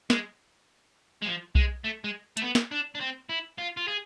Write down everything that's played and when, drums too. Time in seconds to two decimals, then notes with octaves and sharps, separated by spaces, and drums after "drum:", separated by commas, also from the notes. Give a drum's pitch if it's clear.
0.10 G#3, drum: snare
1.22 G#3
1.26 F3
1.55 G#3, drum: kick B1
1.84 A3
2.04 G#3
2.37 A3, drum: hi-hat
2.42 B3
2.55 drum: snare
2.72 D4
2.95 D4
3.01 C4
3.29 E4
3.58 F4
3.77 F4
3.88 G#4